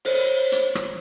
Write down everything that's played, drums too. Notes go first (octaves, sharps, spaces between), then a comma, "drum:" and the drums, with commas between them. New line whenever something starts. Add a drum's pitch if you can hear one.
C5 C#5, drum: open hi-hat
drum: hi-hat
drum: rim click